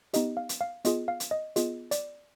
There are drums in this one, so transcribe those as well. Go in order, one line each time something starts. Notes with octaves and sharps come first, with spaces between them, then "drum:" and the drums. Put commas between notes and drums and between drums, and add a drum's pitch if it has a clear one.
B3 D#4 G4 D#5, drum: hi-hat
F5
drum: hi-hat
F5
B3 F4 G#4 D#5, drum: hi-hat
F5
drum: hi-hat
D#5
B3 F4 G#4 D#5, drum: hi-hat
D5, drum: hi-hat